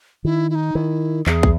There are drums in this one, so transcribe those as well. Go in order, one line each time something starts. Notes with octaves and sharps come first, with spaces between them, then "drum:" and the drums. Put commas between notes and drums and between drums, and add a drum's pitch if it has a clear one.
D#3 E4
E4
D#4
D#3 E4
E2 G#4, drum: clap
drum: kick